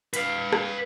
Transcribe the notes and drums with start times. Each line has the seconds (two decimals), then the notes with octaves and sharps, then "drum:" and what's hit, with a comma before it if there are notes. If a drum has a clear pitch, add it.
0.14 B4 F5, drum: hi-hat
0.53 drum: rim click